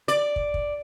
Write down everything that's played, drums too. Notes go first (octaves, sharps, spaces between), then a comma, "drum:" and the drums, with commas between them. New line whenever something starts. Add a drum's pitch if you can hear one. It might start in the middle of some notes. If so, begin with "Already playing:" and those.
D5, drum: hi-hat
drum: kick
drum: kick